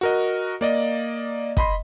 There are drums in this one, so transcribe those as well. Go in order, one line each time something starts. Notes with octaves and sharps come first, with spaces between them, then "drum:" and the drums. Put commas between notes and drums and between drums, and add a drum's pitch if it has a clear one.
F#4 A#4 D#5
A#3 D5 D#5
D#5 B5 C6, drum: kick